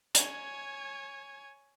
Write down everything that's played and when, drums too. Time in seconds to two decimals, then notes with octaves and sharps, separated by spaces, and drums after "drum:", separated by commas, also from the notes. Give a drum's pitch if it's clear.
0.15 C#5 G#5, drum: hi-hat